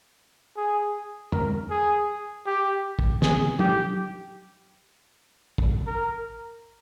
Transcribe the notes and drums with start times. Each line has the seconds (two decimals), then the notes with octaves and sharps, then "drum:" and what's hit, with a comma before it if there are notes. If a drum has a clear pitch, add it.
0.57 G#4
1.32 A#4, drum: tom
1.70 G#4
2.46 G4
2.99 drum: kick
3.22 G#4, drum: snare
3.59 G4, drum: tom
5.58 drum: kick
5.87 A#4